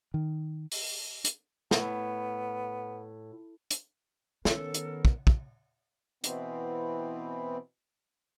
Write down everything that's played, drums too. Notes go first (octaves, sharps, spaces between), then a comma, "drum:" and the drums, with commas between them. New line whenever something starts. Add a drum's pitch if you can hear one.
D#3
drum: open hi-hat
drum: hi-hat
A2 B3, drum: snare
drum: hi-hat
D#3 B3 C#4 A4 A#4, drum: snare
drum: hi-hat
drum: kick
drum: kick
B2 E3 B3 C4, drum: hi-hat